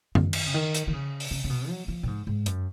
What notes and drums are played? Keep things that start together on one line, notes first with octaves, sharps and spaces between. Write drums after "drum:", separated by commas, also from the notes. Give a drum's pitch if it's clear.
D#3, drum: tom F#2
drum: cymbal
C#3
D#3
drum: hi-hat
D#3
C#3
drum: open hi-hat
C#3
C#3
B2
F#3
F3
A#2
G#2
G#2
F#2, drum: hi-hat